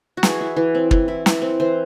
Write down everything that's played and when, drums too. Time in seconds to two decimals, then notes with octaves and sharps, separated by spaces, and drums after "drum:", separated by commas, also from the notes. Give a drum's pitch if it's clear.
0.17 F#4
0.23 E3 G#4, drum: snare
0.41 E4
0.56 E3
0.75 C4
0.91 E3, drum: kick
1.08 E4
1.26 E3, drum: snare
1.42 C4
1.60 E3 C5